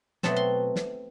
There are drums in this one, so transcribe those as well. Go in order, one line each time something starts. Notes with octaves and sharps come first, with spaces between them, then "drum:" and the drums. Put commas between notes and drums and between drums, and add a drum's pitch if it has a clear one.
B2 F#3 A3 C4 A5, drum: snare
C6
drum: snare